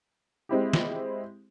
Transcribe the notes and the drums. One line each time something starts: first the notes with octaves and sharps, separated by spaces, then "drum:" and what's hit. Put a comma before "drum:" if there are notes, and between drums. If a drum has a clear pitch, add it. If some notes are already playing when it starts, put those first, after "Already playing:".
G#3 C4 E4 G4
drum: snare